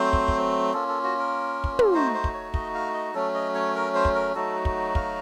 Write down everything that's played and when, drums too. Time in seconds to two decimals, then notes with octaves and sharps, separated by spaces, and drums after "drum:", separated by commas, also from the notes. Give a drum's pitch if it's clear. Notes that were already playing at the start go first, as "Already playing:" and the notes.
Already playing: F#3 A3 C4 C5
0.13 drum: kick
0.28 drum: kick
0.73 A#3 C#4 F4 A4
0.88 A4
1.04 F#4
1.19 A#4
1.64 drum: kick
1.79 drum: tom
1.94 A3 D#4 F#4 C5
2.14 C5
2.24 drum: kick
2.34 C#5
2.54 D#5, drum: kick
2.75 F5
2.94 D#5
3.14 F#3 A3 C#4 A4
3.34 D#5
3.55 C#5
3.75 A#4
3.95 C5
4.05 drum: kick
4.15 A#4
4.35 F#3 A3 D#4 F#4 A4
4.65 drum: kick
4.95 F5, drum: kick